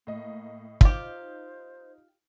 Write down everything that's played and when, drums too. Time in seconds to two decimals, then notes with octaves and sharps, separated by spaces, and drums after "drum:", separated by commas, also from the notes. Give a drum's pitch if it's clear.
0.07 A2 A#3 D#5
0.81 D#4 F4 G4 C5, drum: kick